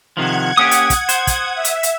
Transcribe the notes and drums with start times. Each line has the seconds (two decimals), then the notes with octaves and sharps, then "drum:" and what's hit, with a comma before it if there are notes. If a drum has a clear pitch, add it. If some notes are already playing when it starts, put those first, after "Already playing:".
0.17 C3 D#3 F3 F#5 G#6
0.57 A#3 C#4 G4 D#6
0.71 drum: hi-hat
0.90 drum: kick, hi-hat
1.09 C5, drum: hi-hat
1.27 drum: kick, hi-hat
1.55 E5
1.65 drum: hi-hat
1.83 drum: hi-hat